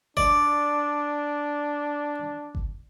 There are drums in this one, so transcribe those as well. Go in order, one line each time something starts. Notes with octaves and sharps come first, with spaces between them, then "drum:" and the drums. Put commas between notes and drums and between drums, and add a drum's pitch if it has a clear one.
D4 D5, drum: kick G1
drum: kick G1